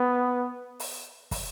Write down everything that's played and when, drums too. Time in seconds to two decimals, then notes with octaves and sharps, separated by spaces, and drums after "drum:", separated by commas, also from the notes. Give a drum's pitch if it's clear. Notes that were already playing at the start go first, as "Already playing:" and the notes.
Already playing: B3
0.80 drum: open hi-hat
1.31 drum: kick, open hi-hat